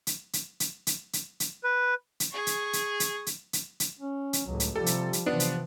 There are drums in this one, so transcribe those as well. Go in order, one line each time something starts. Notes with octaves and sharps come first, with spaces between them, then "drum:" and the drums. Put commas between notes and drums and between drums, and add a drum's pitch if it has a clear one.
drum: hi-hat
drum: hi-hat
drum: hi-hat
drum: hi-hat
drum: hi-hat
drum: hi-hat
B4
drum: hi-hat
G#4 C#6
drum: hi-hat
drum: hi-hat
drum: hi-hat
drum: hi-hat
drum: hi-hat
drum: hi-hat
C#4
drum: hi-hat
C#2 A2 F#3
drum: hi-hat
C3 F3 G3 A4
drum: hi-hat
drum: hi-hat
C3 E3 F3 B3 D4
drum: hi-hat